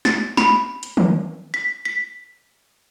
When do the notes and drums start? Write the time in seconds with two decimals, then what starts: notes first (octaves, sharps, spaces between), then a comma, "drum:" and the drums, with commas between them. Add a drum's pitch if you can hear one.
0.05 A6, drum: snare
0.37 B5, drum: snare
0.83 drum: hi-hat
0.97 drum: tom D#3
1.54 B6
1.85 B6